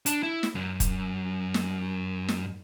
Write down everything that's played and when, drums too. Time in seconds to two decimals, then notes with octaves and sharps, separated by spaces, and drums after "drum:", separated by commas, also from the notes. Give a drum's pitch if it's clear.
0.06 D4, drum: hi-hat
0.23 E4
0.43 drum: snare
0.55 F#2
0.80 drum: kick, hi-hat
1.54 drum: snare
2.28 drum: snare